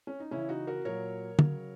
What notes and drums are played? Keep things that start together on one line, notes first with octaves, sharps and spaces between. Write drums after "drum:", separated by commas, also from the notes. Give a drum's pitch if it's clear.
C#4
D#4
C#3 E3 C#4 E4
D#4 F#4
F#4 A#4
A#2 F#3 A#4 C#5
C#3 F#3, drum: tom